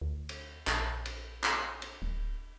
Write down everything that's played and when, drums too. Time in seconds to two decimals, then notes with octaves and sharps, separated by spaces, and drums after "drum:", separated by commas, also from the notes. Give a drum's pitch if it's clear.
0.02 D2
0.29 drum: cymbal
0.67 A#1, drum: clap
1.06 drum: cymbal
1.44 drum: clap
1.82 drum: cymbal
2.02 D1